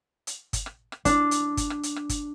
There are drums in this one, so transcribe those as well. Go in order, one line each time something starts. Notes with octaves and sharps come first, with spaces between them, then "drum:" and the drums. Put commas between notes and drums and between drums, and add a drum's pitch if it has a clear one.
drum: hi-hat
drum: kick G1, hi-hat
drum: rim click
drum: rim click
D4, drum: kick G1, hi-hat
drum: hi-hat
drum: kick G1, hi-hat
drum: rim click
drum: hi-hat
drum: rim click
drum: kick G1, hi-hat